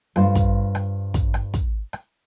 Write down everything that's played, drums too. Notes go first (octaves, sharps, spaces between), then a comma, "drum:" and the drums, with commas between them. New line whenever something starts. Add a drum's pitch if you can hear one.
G2 F4 C5, drum: rim click
drum: kick, hi-hat
drum: rim click
drum: kick, hi-hat
drum: rim click
drum: kick, hi-hat
drum: rim click